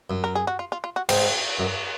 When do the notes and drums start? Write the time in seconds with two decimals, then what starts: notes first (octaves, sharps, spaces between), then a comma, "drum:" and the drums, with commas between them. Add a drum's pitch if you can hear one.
0.10 F#2
0.24 A#4
0.35 G#4
0.47 F#4
0.59 F4
0.72 F4
0.84 F4
0.96 F#4
1.09 G#2 C4, drum: cymbal
1.59 F#2